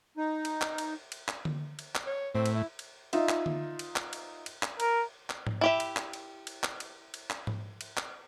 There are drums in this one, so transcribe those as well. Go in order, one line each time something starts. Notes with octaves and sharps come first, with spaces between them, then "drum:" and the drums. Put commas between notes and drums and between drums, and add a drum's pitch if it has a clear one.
D#4
drum: cymbal
drum: clap
drum: cymbal
drum: cymbal
drum: clap
drum: tom D3
drum: cymbal
drum: clap
C#5
A2 C4
drum: cymbal
E4
drum: cymbal
D#4 F4 E5, drum: cymbal
drum: clap
drum: tom D3
drum: cymbal
drum: clap
drum: cymbal
drum: cymbal
drum: clap
A#4, drum: cymbal
drum: clap
drum: tom G#2
E4 G4 E5
drum: cymbal
drum: clap
drum: cymbal
drum: cymbal
drum: clap
drum: cymbal
drum: cymbal
drum: clap
drum: tom G#2
drum: cymbal
drum: clap